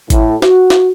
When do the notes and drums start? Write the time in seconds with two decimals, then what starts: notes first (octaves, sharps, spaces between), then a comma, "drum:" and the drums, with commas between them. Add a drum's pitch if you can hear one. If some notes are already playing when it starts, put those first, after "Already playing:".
0.10 A2, drum: kick G#1, hi-hat
0.42 F#4, drum: snare
0.70 drum: snare